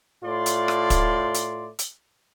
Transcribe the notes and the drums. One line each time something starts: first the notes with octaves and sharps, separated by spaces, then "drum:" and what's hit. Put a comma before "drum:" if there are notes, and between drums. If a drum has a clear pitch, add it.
A2 A3 F4 D5 C6
drum: hi-hat
drum: rim click
drum: kick, hi-hat
drum: hi-hat
drum: hi-hat